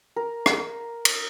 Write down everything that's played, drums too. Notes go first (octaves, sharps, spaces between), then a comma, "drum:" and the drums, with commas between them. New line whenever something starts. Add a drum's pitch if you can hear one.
A#4
drum: rim click
drum: cymbal